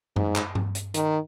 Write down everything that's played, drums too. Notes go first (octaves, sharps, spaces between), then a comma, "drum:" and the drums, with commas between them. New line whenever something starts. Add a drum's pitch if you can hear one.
G#2, drum: tom F#2
drum: clap
drum: tom G2
drum: hi-hat
D#3, drum: hi-hat